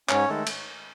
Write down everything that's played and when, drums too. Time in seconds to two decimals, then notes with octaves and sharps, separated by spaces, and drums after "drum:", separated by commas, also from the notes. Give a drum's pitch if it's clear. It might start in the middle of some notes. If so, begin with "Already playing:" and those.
0.09 G#2 C#4 C#5, drum: clap
0.28 D#3 G#3 A3 A4
0.47 drum: cymbal